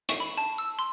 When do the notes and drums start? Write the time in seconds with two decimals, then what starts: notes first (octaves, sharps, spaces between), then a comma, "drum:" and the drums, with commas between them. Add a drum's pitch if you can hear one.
0.09 C#6, drum: hi-hat
0.20 B5
0.37 A5
0.58 E6
0.79 C6